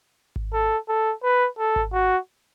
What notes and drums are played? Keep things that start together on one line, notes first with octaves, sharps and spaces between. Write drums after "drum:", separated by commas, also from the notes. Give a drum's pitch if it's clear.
drum: kick G#1
A4
A4
B4
A4
drum: kick G#1
F#4